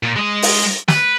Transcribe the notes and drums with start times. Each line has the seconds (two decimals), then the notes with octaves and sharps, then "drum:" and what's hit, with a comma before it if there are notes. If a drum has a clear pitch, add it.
0.03 A#2
0.16 G#3 D#5
0.42 drum: open hi-hat
0.88 B4, drum: snare